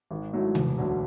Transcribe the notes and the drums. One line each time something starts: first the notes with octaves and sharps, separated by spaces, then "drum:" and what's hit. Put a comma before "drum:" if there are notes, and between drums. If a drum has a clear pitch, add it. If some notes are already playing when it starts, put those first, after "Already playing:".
G#1
G#2 F#3 A3 E4
E1, drum: tom C3
D2 D3 F#3